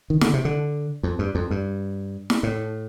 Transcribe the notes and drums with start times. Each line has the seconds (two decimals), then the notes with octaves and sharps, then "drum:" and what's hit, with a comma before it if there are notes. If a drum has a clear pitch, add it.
0.10 D#3
0.21 D3, drum: snare
0.33 C3
0.45 D3
1.03 F2
1.19 G2
1.35 F2
1.51 G2
2.30 drum: snare
2.43 A2